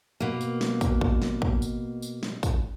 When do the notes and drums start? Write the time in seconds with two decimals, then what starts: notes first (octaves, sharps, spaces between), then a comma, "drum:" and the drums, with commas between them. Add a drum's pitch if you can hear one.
0.20 B2 A#3
0.41 drum: tambourine
0.61 drum: snare
0.81 drum: kick, tambourine
1.01 drum: kick
1.22 drum: snare
1.42 drum: kick
1.62 drum: tambourine
2.02 drum: tambourine
2.23 drum: snare
2.43 drum: kick, tambourine